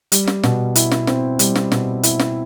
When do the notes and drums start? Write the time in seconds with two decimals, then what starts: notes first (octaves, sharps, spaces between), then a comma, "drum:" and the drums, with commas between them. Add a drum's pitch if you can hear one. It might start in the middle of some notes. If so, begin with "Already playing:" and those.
0.12 G3, drum: hi-hat
0.27 drum: snare
0.43 B2, drum: snare
0.75 E4, drum: hi-hat
0.91 drum: snare
1.07 C4, drum: snare
1.39 G3, drum: hi-hat
1.55 drum: snare
1.72 B2, drum: snare
2.03 E4, drum: hi-hat
2.19 drum: snare